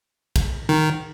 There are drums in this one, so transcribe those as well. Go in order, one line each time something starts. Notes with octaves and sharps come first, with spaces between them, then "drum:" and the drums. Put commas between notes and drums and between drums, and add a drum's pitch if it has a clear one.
drum: kick, cymbal
D#3